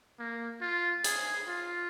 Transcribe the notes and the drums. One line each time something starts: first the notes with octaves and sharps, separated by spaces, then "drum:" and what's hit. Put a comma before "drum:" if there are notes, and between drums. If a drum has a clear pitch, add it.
A#3
F4
G#4, drum: hi-hat
F4